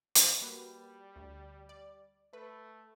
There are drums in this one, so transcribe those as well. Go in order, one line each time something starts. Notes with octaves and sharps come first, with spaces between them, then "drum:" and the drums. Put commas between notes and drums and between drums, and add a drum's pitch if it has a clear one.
drum: hi-hat
G3 A#3 F#4 B4
D2
D5
A3 B4